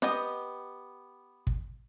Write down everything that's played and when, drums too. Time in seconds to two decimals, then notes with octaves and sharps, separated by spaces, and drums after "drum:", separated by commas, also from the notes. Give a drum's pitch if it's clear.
0.02 B3 G4 D#5, drum: snare
1.47 drum: kick